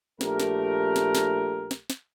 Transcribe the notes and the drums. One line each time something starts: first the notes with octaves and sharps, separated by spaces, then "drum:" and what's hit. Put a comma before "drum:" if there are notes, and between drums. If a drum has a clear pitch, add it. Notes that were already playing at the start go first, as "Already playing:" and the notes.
A#1 A3 G4 A#4, drum: snare
drum: snare
drum: snare
drum: snare
drum: snare
drum: snare